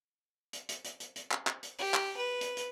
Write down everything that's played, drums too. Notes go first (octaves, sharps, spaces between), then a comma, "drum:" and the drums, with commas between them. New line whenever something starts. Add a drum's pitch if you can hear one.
drum: hi-hat
drum: hi-hat
drum: hi-hat
drum: hi-hat
drum: hi-hat
drum: clap
drum: clap
drum: hi-hat
G4, drum: open hi-hat
drum: clap
B4
drum: hi-hat
drum: hi-hat